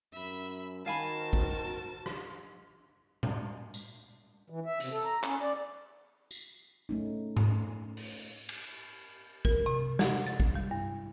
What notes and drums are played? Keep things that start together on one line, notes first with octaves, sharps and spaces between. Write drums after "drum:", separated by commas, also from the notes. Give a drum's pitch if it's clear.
F#2 E5 B5
D#3 F#4 A#4 C5 F5 G#5 A5 B5
drum: kick
drum: rim click
drum: tom A#2
drum: tambourine
E3
E5
C3, drum: hi-hat
A4
A#5
C#4, drum: clap
D5
drum: tambourine
A3 C#4 D#4
drum: tom G#2
drum: open hi-hat
drum: cymbal
A#4, drum: kick
C3
G#3, drum: snare
A6
drum: kick
G3
G2